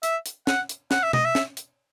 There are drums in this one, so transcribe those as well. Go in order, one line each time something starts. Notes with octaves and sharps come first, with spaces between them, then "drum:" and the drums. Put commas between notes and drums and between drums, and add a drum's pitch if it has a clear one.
E5, drum: hi-hat
drum: hi-hat
F#5, drum: snare
drum: hi-hat
F#5, drum: snare
E5
D#5, drum: tom
E5
drum: snare
drum: hi-hat